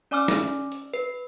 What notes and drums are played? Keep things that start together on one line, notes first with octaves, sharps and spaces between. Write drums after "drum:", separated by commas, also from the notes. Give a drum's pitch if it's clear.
C#4 D5 G#5 D6 E6 F6
drum: snare
drum: hi-hat
B4